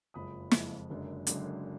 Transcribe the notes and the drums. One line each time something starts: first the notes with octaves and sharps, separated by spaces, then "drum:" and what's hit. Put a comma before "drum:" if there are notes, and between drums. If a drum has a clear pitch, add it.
F#1 F2 F3 G#3 B5 D#6
F#1 F2 F3 G#3, drum: snare
F#1 F#2 D3 G#3
F#1 F#2 D3 G#3, drum: hi-hat